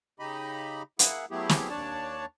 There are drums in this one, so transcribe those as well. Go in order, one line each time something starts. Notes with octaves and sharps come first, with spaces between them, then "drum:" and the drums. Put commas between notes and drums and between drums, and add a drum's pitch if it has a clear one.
C#3 D#4 G4 D#5 B5
A#3 E4 G#4 F#5, drum: hi-hat
F#3 A3 B3 E4 G4 G#4
drum: snare
D#2 D4 C#5 D5 A5